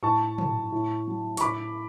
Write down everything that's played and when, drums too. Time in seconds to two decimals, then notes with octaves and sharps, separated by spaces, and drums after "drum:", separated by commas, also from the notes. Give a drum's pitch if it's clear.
0.03 A2 A5 C#6
0.38 F#3, drum: tom
0.72 A2
1.07 F#3
1.37 C#6, drum: hi-hat
1.41 A2 B5 D6